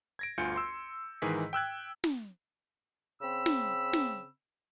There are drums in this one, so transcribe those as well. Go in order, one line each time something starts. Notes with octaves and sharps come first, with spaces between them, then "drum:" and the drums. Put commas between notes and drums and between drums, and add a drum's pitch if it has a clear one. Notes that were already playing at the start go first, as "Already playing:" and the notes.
G#6 A#6 D7
G1 D2 F4 G#5 G6 C#7
C6 E6
G#2 D#3 E3 G#4 B6
G5 E6 F#6 G#6
drum: snare
C#3 C4 B5 E6
drum: snare
drum: snare